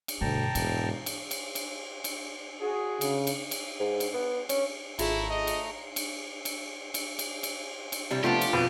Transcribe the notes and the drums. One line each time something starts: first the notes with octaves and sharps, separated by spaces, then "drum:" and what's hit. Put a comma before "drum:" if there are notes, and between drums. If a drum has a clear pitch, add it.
drum: cymbal
D2 G2 B2 G5 A5 A#5
E1 G#2, drum: cymbal
drum: cymbal
drum: cymbal
drum: cymbal
drum: cymbal
F#4 G#4
C#3, drum: cymbal
drum: cymbal
drum: cymbal
G#2
drum: cymbal
B3
C#4, drum: cymbal
G#1 A3 E4 F4 G#4 A#5, drum: cymbal
D#5
drum: cymbal
drum: cymbal
drum: cymbal
drum: cymbal
drum: cymbal
drum: cymbal
drum: cymbal
C3 G3 E4
C3 F3 A3 B3 D4 F4 G4
drum: cymbal
F2 B2 B4